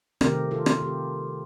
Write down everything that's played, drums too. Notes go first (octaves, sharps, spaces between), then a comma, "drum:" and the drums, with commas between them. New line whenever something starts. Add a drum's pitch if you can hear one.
C3 D#3 A3 C4 G4 A#4, drum: rim click
F4 A4
drum: rim click
G4